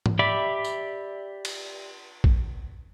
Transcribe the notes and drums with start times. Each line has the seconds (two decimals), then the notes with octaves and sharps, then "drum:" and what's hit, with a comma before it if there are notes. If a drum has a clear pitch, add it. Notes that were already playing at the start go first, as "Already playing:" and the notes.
0.06 drum: tom G#2
0.19 G4 D5 E5 B5 D6
0.64 drum: tambourine
1.45 drum: cymbal
2.24 drum: kick A#1